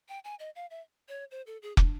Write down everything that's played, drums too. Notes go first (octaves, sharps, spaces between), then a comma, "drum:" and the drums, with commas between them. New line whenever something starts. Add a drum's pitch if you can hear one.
G5
G#5
D#5
F5
E5
C#5
C5
A4
G#4
D4, drum: kick